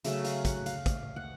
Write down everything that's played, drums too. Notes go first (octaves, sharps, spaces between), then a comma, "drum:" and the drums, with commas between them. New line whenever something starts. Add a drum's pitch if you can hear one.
C#3 F#3 A3 C#4 E5, drum: hi-hat
F5, drum: hi-hat
F#5, drum: kick, hi-hat
F5, drum: hi-hat
drum: kick, hi-hat
F#5